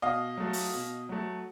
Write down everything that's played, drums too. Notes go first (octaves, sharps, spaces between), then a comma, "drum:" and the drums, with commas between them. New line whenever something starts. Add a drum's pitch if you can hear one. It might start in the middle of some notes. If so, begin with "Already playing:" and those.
B2 D#5 F5
F#3 A3
drum: open hi-hat
B2
F#3 A3